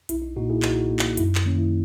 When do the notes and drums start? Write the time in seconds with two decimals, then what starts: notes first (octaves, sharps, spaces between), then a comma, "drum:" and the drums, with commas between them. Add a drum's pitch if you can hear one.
0.09 B1 E4, drum: hi-hat
0.22 D#4
0.36 A#2 A#3 D#4 F#4
0.50 E4 G#4
0.62 B1 D#4 F#4, drum: clap
0.90 A#2 A#3
0.99 drum: clap
1.17 F#2 E4, drum: hi-hat
1.35 drum: clap
1.44 D#3 A#3 C#4
1.58 E4